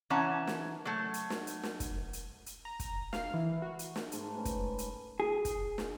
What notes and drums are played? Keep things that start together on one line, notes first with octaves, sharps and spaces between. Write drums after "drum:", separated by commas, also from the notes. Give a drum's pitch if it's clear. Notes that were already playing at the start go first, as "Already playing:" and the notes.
E3 C#4 F#5 A5 A#5
drum: snare
F#3 A3
drum: hi-hat
drum: snare
drum: hi-hat
drum: snare
drum: kick, hi-hat
drum: hi-hat
drum: hi-hat
A#5
drum: kick, hi-hat
F5, drum: snare
E3
F#4
drum: hi-hat
drum: snare
G#2 A3 A4 A#4, drum: hi-hat
C#4 B4
drum: kick, hi-hat
drum: hi-hat
G#4
drum: kick, hi-hat
drum: snare